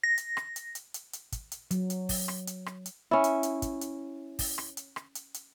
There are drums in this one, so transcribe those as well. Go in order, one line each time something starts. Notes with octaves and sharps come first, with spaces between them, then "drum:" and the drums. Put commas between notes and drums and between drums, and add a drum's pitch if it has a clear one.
A#6
drum: hi-hat
drum: rim click
drum: hi-hat
drum: hi-hat
drum: hi-hat
drum: hi-hat
drum: kick, hi-hat
drum: hi-hat
F#3, drum: hi-hat
drum: hi-hat
drum: kick, open hi-hat
drum: rim click
drum: hi-hat
drum: rim click
drum: hi-hat
C#4 E4
drum: hi-hat
drum: hi-hat
drum: kick, hi-hat
drum: hi-hat
drum: kick, open hi-hat
drum: rim click
drum: hi-hat
drum: rim click
drum: hi-hat
drum: hi-hat